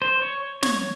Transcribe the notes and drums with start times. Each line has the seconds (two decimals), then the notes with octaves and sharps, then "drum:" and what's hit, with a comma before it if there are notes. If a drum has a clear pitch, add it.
0.02 C5
0.22 C#5
0.63 C#5, drum: snare